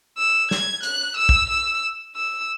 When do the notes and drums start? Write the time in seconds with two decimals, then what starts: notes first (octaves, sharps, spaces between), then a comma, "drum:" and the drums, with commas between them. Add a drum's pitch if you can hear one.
0.18 E6
0.51 G#6, drum: snare
0.83 F#6, drum: hi-hat
1.17 E6
1.29 drum: kick
1.49 E6
2.16 E6